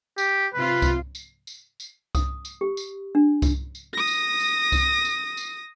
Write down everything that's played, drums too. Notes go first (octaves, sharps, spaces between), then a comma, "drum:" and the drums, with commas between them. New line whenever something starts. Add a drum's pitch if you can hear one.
G4, drum: tambourine
C3 F4 B4
drum: kick C2, tambourine
drum: tambourine
drum: tambourine
drum: tambourine
D#6, drum: kick C2, tambourine
drum: tambourine
G4
drum: tambourine
D4
drum: kick C2, tambourine
drum: tambourine
D#6 A#6
drum: tambourine
drum: tambourine
drum: kick C2, tambourine
drum: tambourine
drum: tambourine